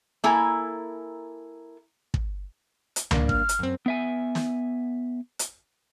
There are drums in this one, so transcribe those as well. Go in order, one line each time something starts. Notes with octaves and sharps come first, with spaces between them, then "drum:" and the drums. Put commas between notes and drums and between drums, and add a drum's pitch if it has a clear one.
A#3 E4 A4 G#5 A#5
drum: kick
drum: hi-hat
G2 A#3 D4, drum: tom C#2
F6, drum: kick
drum: hi-hat
F#2 C4
B3 E5 G#5
drum: snare
drum: hi-hat